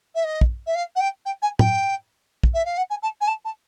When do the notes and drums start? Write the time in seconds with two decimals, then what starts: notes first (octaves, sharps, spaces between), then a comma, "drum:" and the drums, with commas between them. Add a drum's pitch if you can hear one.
0.15 E5
0.24 D#5
0.41 drum: kick
0.67 E5
0.75 F5
0.96 F#5
1.00 G5
1.26 G5
1.42 G#5
1.59 G5, drum: tom
2.43 drum: kick
2.54 E5
2.65 F5
2.77 F#5
2.90 G#5
3.03 A5
3.21 G#5
3.28 A5
3.45 A5